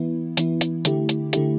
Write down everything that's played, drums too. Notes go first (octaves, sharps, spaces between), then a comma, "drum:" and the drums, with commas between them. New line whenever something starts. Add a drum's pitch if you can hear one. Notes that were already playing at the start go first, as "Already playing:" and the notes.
Already playing: E3 B3 E4
E3 B3 E4, drum: hi-hat
drum: hi-hat
D3 A3 E4 G4, drum: hi-hat
drum: hi-hat
D3 A3 E4 G4, drum: hi-hat